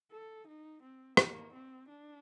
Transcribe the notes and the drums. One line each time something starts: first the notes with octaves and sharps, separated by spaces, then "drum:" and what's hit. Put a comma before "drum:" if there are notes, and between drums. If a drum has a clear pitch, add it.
A4
D#4
C4
A#3, drum: rim click
C4
D4